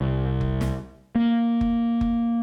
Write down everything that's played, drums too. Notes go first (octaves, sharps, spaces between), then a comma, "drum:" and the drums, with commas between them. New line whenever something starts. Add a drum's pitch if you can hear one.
C2
drum: kick F#1
drum: snare
A#3
drum: kick F#1
drum: kick F#1